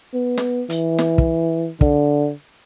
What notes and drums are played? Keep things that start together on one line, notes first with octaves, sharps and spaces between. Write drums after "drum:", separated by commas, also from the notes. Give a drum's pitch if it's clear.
B3
drum: snare
E3, drum: hi-hat
drum: snare
drum: kick
D3, drum: kick